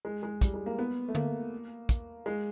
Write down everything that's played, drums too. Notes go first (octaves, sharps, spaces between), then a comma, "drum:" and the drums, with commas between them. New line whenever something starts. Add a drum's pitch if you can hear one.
G#3
G#3
G3, drum: kick, hi-hat
G#3
A#3
B3
A3
A#3, drum: tom D3
drum: kick, hi-hat
G#3